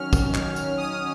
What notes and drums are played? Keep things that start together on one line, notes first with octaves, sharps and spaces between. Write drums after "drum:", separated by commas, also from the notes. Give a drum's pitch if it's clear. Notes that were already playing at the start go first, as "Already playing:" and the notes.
Already playing: D#3 F#3 C#4 F6
drum: kick, tambourine
drum: clap
drum: tambourine
D#6